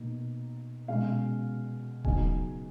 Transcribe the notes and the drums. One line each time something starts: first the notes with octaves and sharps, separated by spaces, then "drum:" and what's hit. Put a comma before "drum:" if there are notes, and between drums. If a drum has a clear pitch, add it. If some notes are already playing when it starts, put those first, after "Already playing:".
Already playing: B2 A#3 D#4
B2 G#3 C#4 F5
C#3 F#3 B3 D#4 G#5, drum: kick D#1